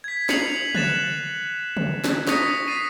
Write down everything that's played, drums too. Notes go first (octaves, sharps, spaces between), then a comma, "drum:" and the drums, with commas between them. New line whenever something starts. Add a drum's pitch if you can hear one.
G#6 B6
C7 C#7 D#7 F7 F#7, drum: snare
F#6 A6 E7, drum: tom
drum: tom
drum: snare
C#6 D#6 A#6 B6 C#7 D#7, drum: snare
A6 B6 C7 D#7